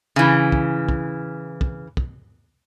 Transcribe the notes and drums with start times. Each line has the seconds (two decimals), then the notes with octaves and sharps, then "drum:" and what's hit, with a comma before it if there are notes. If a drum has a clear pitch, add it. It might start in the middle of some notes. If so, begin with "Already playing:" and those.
0.16 C#3 E3
0.52 drum: kick
0.89 drum: kick
1.61 drum: kick
1.97 drum: kick